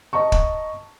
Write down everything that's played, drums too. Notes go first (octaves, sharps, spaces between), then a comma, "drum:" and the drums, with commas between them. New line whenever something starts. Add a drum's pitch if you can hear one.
D#5 A5 A#5 C#6
drum: kick